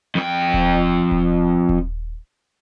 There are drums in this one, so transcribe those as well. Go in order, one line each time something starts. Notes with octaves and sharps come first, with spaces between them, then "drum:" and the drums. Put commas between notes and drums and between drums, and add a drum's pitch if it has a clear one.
F2 G5
drum: kick D#1
drum: kick D#1
drum: kick D#1